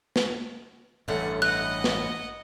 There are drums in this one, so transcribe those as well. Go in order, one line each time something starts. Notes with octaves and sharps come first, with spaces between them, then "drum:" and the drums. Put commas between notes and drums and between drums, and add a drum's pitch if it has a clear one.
drum: snare
A1 G2 D3 A3 C#4 F#5
E3 E4 D#5 F#5 F#6
drum: snare